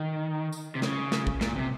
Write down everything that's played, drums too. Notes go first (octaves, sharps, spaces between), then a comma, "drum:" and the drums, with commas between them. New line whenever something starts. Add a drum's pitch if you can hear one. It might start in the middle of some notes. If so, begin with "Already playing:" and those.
Already playing: D#3
drum: tambourine
C3
C#3, drum: snare
drum: snare
drum: kick
A#2, drum: snare
C3